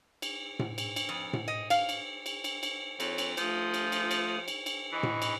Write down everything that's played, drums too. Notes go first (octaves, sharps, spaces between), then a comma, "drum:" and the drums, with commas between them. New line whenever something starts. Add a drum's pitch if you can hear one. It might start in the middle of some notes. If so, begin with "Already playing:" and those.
drum: cymbal
drum: tom A2
drum: cymbal
drum: cymbal
F2
drum: tom A2
D#5
F5, drum: cymbal
drum: cymbal
drum: cymbal
drum: cymbal
drum: cymbal
F2 C#5, drum: cymbal
drum: cymbal
F3 A3 F4 D#6, drum: cymbal
drum: cymbal
drum: cymbal
drum: cymbal
drum: cymbal
drum: cymbal
E3 D#5 B5 C#6
drum: tom A2
drum: cymbal